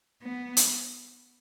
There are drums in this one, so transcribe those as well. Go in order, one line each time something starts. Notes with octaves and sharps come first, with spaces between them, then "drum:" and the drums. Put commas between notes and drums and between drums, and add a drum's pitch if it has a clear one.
B3
drum: hi-hat